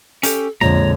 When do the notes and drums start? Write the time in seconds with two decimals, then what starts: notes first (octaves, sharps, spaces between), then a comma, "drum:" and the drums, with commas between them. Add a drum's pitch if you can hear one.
0.23 C#4 G4 A4, drum: hi-hat
0.61 B1 F2 A#2 D3 G#3 C#5 A#5